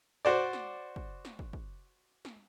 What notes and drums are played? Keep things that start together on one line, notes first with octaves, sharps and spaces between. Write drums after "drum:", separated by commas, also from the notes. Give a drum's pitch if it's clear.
F#4 C5 D5
drum: snare
drum: kick
drum: snare
drum: kick
drum: kick
drum: snare